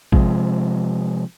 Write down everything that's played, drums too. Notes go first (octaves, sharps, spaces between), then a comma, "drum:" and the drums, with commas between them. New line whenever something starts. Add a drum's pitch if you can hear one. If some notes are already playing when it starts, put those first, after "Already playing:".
C3 F3 G#3, drum: kick